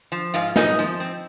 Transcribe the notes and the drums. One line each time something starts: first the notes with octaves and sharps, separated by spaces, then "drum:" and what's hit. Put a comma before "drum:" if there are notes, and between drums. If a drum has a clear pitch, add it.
F3
G#2 F4 F5
G#2 D#4 D#5, drum: snare
F3
C4